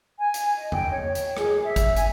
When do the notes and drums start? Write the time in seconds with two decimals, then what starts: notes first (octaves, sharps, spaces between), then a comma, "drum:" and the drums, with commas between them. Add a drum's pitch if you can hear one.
0.19 G#5
0.34 drum: hi-hat
0.57 D#5
0.72 G5, drum: tom E2
0.92 C#5
1.15 drum: hi-hat
1.37 G#4, drum: rim click
1.64 E5
1.76 drum: kick, hi-hat
1.97 G#5, drum: hi-hat